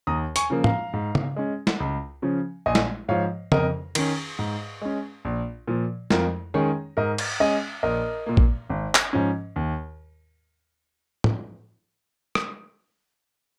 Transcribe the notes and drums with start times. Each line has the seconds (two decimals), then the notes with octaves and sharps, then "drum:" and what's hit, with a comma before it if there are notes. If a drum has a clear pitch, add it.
0.07 D#2 A#5 D#6
0.36 G#5 C#6, drum: hi-hat
0.50 C#3 F3 A#3
0.64 F5 A#5, drum: tom
0.93 G#2
1.15 drum: tom
1.36 G#3 C#4
1.67 drum: snare
1.80 C#2
2.22 C#3 F3 C#4
2.66 A#1 D#5 G#5
2.75 drum: snare
3.08 G#2 F3 C#5 F5
3.52 F2 A#4 D#5, drum: tom
3.95 D#3 C#4, drum: cymbal
4.39 G#2
4.82 G#3 C#4
5.25 A#1
5.68 A#2 F3
6.10 F2 F4 A#4, drum: snare
6.54 D#3 G#3 C#4 G#4 C#5
6.97 G#2 A#4 D#5
7.18 drum: cymbal
7.40 G#3 C#4 D#5 G#5
7.83 A#1 A#4 D#5
8.26 A#2 A#3
8.37 drum: kick A1
8.70 G#1
8.95 drum: clap
9.13 G#2 F3 C#4
9.56 D#2
11.24 drum: tom
12.35 drum: rim click